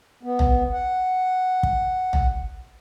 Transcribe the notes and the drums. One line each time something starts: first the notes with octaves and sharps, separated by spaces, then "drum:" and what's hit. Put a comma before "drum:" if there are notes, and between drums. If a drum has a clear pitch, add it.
B3
drum: tom
F#5
drum: kick
drum: tom